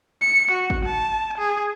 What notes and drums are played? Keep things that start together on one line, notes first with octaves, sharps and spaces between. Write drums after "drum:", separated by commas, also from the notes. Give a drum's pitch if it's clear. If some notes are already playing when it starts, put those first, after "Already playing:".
C#7
F#4
drum: kick
A5
G#4